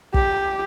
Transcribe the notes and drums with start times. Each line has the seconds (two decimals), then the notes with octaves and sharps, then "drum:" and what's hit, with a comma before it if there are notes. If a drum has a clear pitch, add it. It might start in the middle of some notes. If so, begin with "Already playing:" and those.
0.14 G4, drum: kick